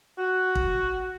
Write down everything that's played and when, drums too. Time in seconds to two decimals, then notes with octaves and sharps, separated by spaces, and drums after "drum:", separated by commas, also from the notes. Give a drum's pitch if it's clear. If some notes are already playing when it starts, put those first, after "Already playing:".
0.17 F#4
0.55 drum: kick